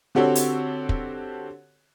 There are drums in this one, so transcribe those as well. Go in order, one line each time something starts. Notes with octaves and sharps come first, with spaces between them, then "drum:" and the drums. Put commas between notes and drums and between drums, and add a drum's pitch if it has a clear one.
D3 C4 F#4 G4 A4 C#5
drum: hi-hat
drum: kick